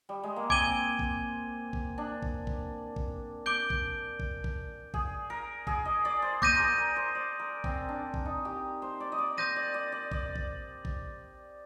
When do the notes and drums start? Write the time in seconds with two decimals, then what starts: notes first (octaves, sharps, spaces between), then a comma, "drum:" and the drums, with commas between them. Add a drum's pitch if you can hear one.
0.09 G3
0.23 G#3
0.36 A#3
0.50 C4 G#5 D6 G#6 D#7 G7, drum: kick A1
0.99 drum: kick A1
1.73 drum: kick A1
1.98 D4
2.22 drum: kick A1
2.47 drum: kick A1
2.96 drum: kick A1
3.46 D6 G6 D7 G7
3.70 drum: kick A1
4.20 drum: kick A1
4.44 drum: kick A1
4.94 G#4, drum: kick A1
5.30 A#4
5.67 G#4, drum: kick A1
5.85 D#5
6.05 D5
6.22 C5
6.42 C5 D6 G6 A#6 D#7, drum: kick A1
6.55 A#4
6.60 G#4
6.78 A#4
6.96 C5
7.15 D5
7.39 A#4
7.64 C4, drum: kick A1
7.89 D4
8.14 drum: kick A1
8.26 D#4
8.45 G4
8.82 C5
9.00 D5
9.12 D#5
9.18 D5
9.38 C5 D#6 G6 A#6 D#7
9.56 D5
9.74 D5
9.92 D5
10.12 D5, drum: kick A1
10.36 drum: kick A1
10.85 drum: kick A1